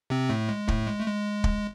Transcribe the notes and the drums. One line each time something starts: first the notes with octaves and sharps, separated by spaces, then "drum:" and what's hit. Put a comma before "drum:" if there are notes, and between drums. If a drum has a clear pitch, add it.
C3 C4
A2 A3
G#3
A2 A3, drum: kick
G#3
A3
G#3
drum: kick